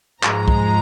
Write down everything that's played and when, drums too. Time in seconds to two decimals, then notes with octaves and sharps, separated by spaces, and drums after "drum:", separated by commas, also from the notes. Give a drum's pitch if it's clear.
0.23 G#2 F3 G#3 A#5, drum: clap
0.48 drum: kick